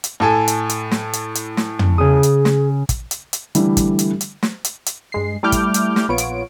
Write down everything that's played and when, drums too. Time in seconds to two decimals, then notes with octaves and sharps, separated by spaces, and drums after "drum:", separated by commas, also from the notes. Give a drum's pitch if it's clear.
0.04 drum: hi-hat
0.20 A2 A4 G#5
0.48 drum: hi-hat
0.69 drum: hi-hat
0.91 drum: snare
1.13 drum: hi-hat
1.35 drum: hi-hat
1.57 drum: snare
1.79 drum: tom
1.98 C#3 G#4 D#6
2.23 drum: hi-hat
2.45 drum: snare
2.89 drum: kick, hi-hat
3.11 drum: hi-hat
3.33 drum: hi-hat
3.55 D3 E3 G3 A3 E4, drum: hi-hat
3.77 drum: kick, hi-hat
3.99 drum: hi-hat
4.21 drum: hi-hat
4.43 drum: snare
4.64 drum: hi-hat
4.86 drum: hi-hat
5.12 G2 G#3 C7
5.43 G3 A3 E4 D6 F6 G6
5.52 drum: kick, hi-hat
5.74 drum: hi-hat
5.96 drum: snare
6.09 A#1 B3 F4 C#5 D7
6.18 drum: hi-hat